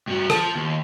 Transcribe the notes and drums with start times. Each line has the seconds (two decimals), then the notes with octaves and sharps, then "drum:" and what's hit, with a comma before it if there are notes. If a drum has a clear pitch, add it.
0.08 G2 F#4
0.30 F4 A5, drum: rim click
0.55 D#2